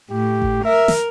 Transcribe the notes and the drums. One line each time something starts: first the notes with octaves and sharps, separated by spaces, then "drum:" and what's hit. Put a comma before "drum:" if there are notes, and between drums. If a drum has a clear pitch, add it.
A2 G4
drum: kick G#1
A#4 E5
drum: snare